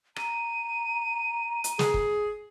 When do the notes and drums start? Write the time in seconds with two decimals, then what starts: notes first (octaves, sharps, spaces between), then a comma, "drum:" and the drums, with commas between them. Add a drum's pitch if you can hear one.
0.16 A#5 D#7, drum: rim click
1.64 drum: hi-hat
1.79 G#4, drum: snare
1.94 drum: kick